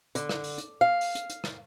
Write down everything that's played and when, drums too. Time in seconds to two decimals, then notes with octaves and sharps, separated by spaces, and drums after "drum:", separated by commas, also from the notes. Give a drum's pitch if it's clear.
0.15 D3, drum: hi-hat
0.29 drum: rim click
0.44 drum: open hi-hat
0.58 drum: hi-hat
0.81 F5
1.01 drum: open hi-hat
1.15 drum: hi-hat
1.30 drum: hi-hat
1.44 drum: rim click